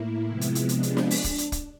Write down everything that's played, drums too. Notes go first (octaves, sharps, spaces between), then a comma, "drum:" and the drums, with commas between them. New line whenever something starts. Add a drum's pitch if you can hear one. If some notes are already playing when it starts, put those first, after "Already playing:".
Already playing: A2 A#3 E4
C3 F3 G#3 B3
drum: hi-hat
drum: hi-hat
D4, drum: hi-hat
drum: hi-hat
drum: snare
drum: open hi-hat
drum: kick, hi-hat
drum: hi-hat
drum: kick, hi-hat